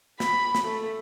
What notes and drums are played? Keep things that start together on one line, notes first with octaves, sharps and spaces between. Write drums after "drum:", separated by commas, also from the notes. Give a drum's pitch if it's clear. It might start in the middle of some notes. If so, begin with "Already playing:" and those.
B5, drum: snare
drum: snare
A3